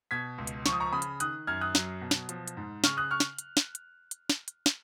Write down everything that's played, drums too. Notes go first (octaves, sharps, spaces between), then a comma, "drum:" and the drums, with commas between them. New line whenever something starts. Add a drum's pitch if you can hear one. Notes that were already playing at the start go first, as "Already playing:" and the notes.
B2 G#6 B6
C#2
drum: hi-hat
F3 C#6, drum: snare
D#6
A#5 C#6
C#3 B5 D#6
drum: hi-hat
D#3 D#6 F#6, drum: hi-hat
F#2 F6 G#6
D#6 F#6
F#3, drum: snare
B2
drum: snare
F3, drum: hi-hat
drum: hi-hat
G#2
C#3 C#6 F6, drum: snare
D#6 F#6
C#6 F6
drum: snare
drum: hi-hat
drum: snare
drum: hi-hat
drum: hi-hat
drum: snare
drum: hi-hat
drum: snare